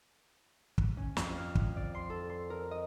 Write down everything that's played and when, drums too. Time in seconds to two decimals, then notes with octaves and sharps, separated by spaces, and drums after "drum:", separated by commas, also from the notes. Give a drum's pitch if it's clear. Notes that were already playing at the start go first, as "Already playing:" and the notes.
0.78 drum: kick
0.97 C#4
1.17 F2, drum: snare
1.38 F6
1.55 drum: kick
1.76 D5
1.95 C6
2.10 A4
2.30 C6
2.50 A#4
2.71 D#5